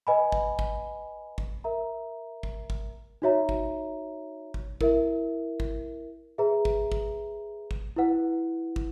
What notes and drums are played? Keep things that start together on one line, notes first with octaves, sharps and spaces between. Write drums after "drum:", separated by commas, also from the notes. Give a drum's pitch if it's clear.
B4 D#5 G#5 B5
drum: kick
drum: kick
drum: kick
A#4 E5 A#5
drum: kick
drum: kick
D#4 F#4 C#5 E5 A#5
drum: kick
drum: kick
E4 A#4 E5, drum: kick
drum: kick
G#4 B4 E5 A#5
drum: kick
drum: kick
drum: kick
E4 B4 F#5
drum: kick